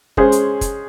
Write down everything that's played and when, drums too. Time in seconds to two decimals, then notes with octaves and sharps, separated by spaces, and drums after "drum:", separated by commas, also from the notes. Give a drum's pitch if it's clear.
0.17 G#3 C#4 G#4 C5, drum: kick
0.32 drum: hi-hat
0.61 drum: kick, hi-hat